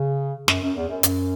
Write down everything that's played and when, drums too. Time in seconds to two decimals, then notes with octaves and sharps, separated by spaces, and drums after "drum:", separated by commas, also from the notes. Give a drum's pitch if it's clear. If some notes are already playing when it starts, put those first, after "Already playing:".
Already playing: C#3
0.48 F#2, drum: snare
0.62 F#2
0.76 E2
0.89 F#2
1.03 F#2, drum: hi-hat